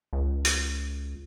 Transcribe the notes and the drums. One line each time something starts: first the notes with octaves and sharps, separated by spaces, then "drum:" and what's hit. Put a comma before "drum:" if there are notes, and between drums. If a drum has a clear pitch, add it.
C#2
drum: hi-hat